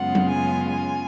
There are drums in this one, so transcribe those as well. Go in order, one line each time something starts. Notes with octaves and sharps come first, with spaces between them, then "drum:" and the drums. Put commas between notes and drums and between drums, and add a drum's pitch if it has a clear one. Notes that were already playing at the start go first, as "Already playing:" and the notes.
Already playing: F#2 C#3 G#3 B3 F4 F#5
drum: tom F#3
G#5
G#5